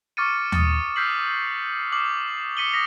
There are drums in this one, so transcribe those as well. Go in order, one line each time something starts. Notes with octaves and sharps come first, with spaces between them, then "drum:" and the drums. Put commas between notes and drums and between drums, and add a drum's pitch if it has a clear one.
C#6 D6 F6 A6 C#7 D#7
D#6 A6 C#7, drum: tom D#2
E6 F6 G6 B6 C7 F#7
D6 D#6 F6 C7 F#7
D#6 B6 C#7 D#7 F#7 G7
D#6 A#6 B6 F7